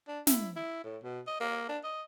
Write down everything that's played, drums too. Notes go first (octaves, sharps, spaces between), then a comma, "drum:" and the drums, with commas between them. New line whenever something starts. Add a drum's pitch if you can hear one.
D4
E4, drum: snare
E4
A2
B2
D#5
A#3
D4
D#5